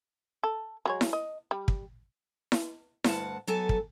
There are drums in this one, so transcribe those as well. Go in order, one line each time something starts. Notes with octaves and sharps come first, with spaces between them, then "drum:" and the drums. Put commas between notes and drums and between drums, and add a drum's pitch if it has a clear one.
A4
F#3 G#3 C#5
drum: snare E4
D#5
G3
drum: kick
drum: snare E4
D2 G2 F#5 A5, drum: snare E4
F#3 B3 A4 G#5 A5
drum: kick